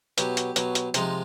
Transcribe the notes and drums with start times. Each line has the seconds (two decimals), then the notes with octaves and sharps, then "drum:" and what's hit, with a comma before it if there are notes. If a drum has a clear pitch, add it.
0.18 B2 F#3 G4, drum: hi-hat
0.37 drum: hi-hat
0.56 B2 F#3, drum: hi-hat
0.75 drum: hi-hat
0.94 C3 F3 G#3 D#4, drum: hi-hat